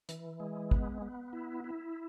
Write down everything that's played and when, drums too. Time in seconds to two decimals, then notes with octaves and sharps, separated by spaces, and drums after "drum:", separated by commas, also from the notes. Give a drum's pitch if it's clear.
0.09 E3, drum: hi-hat
0.40 G#3
0.71 B3, drum: kick
1.02 B3
1.33 E4
1.64 E4